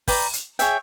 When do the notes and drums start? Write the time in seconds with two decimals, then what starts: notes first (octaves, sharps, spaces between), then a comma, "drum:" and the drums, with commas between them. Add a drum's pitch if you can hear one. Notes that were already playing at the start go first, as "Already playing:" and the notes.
0.08 B4 D5 G5 A#5, drum: kick, open hi-hat
0.33 drum: hi-hat
0.59 G#4 C#5 E5 G5, drum: hi-hat